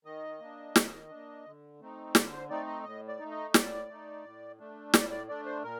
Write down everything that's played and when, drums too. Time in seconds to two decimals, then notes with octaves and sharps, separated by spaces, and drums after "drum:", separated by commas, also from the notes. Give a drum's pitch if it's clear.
0.05 D#3 D#5
0.40 A#3 D4
0.76 D#3, drum: snare
1.10 A#3 D4
1.46 D3
1.80 A3 C4 D#4
2.15 D3 D5, drum: snare
2.32 C5
2.50 A3 C4 D#4 D5
2.67 D#5
2.84 A2 D#5
3.08 D5
3.19 A3 D#4
3.31 D#5
3.54 A2 D5, drum: snare
3.89 A3 D#4
4.24 A2
4.59 A3 D4
4.94 A2 D5, drum: snare
5.11 D5
5.29 A3 D4 D5
5.46 C5
5.64 A#2 A#4